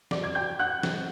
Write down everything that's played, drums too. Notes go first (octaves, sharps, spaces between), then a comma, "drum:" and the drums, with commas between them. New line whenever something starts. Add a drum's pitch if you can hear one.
D5 D6, drum: snare
G#6
G5 G6
F#5 F#6
drum: snare